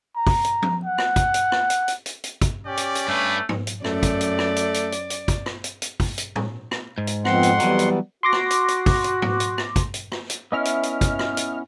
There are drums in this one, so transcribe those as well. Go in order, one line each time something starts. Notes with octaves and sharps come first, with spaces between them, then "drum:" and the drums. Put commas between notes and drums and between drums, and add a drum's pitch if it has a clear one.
A#5
drum: kick, open hi-hat
drum: hi-hat
drum: tom F3
F#5
drum: rim click
drum: kick, hi-hat
drum: hi-hat
drum: rim click
drum: hi-hat
drum: hi-hat
drum: hi-hat
drum: hi-hat
drum: kick, hi-hat
C#4 G4 D5
drum: hi-hat
drum: hi-hat
G2 A3 B4
drum: tom G#2
drum: hi-hat
F#2 A3 D5, drum: rim click
drum: kick, hi-hat
drum: hi-hat
drum: rim click
drum: hi-hat
drum: hi-hat
drum: hi-hat
drum: hi-hat
drum: kick, hi-hat
drum: rim click
drum: hi-hat
drum: hi-hat
drum: kick, open hi-hat
drum: hi-hat
drum: tom A2
drum: rim click
G#2
drum: hi-hat
F2 F3 B3 C4 F#5 C6, drum: rim click
drum: hi-hat
E3 F#3 G3 B3, drum: hi-hat
drum: hi-hat
F#4 C6 D6 A#6
drum: rim click
drum: hi-hat
drum: hi-hat
drum: kick, open hi-hat
drum: hi-hat
drum: tom G#2
drum: hi-hat
drum: rim click
drum: kick, hi-hat
drum: hi-hat
drum: rim click
drum: hi-hat
B3 C#4 E4 D#5 E5 F6
drum: hi-hat
drum: hi-hat
drum: kick, hi-hat
drum: rim click
drum: hi-hat